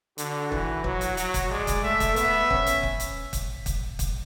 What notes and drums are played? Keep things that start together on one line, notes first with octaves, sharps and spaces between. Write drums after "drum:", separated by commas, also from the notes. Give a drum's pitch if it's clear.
D3 F#4, drum: hi-hat
E3, drum: kick
F#3 F#4, drum: kick
drum: hi-hat
F#3, drum: hi-hat
drum: kick, hi-hat
G#3 D5
drum: kick, hi-hat
A3 E5
drum: kick, hi-hat
B3 E5, drum: hi-hat
C#4, drum: kick
drum: hi-hat
drum: kick
drum: hi-hat
drum: kick, hi-hat
drum: kick, hi-hat
drum: kick, hi-hat